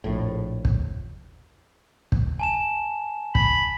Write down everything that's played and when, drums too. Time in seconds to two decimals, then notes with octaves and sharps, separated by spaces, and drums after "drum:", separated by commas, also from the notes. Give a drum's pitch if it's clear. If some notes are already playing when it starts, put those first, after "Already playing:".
0.04 A#1 F2 A2
0.65 drum: kick
2.12 drum: kick
2.39 G#5 A5 E7
3.35 B5, drum: kick